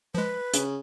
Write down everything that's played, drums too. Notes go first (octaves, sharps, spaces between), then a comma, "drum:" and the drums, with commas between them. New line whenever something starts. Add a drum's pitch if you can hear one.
F3 G#3 B4
C#3, drum: hi-hat